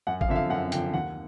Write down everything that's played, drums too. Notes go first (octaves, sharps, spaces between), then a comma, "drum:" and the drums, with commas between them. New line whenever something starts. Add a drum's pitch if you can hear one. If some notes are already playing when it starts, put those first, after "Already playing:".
F#2 F#5
F5, drum: kick G#1
D3 F3 E5
F5
F#2 F#5
D3 F3 G5, drum: hi-hat
D#2 F#5